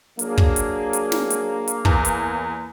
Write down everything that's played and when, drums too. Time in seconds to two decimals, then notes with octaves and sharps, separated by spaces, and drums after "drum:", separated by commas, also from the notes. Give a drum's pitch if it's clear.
0.19 F#3 A#3 D4 G#4, drum: hi-hat
0.38 drum: kick
0.56 drum: hi-hat
0.93 drum: hi-hat
1.12 drum: snare
1.30 drum: hi-hat
1.68 drum: hi-hat
1.85 E2, drum: kick
2.05 drum: hi-hat